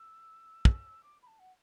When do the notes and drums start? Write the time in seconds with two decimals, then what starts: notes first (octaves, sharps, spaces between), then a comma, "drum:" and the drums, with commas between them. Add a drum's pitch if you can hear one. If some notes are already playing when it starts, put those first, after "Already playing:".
Already playing: E6
0.65 drum: kick
1.03 D6
1.23 B5
1.27 A5
1.39 F#5